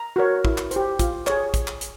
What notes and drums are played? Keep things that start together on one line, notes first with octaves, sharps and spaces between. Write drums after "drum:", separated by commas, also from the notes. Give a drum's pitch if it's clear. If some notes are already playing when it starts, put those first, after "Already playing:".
Already playing: A#5
F#4 A#4 C#5
E4, drum: kick
drum: clap
C5, drum: hi-hat
G4
F4, drum: kick, hi-hat
G#4 C#5, drum: clap
drum: kick, hi-hat
drum: clap
drum: hi-hat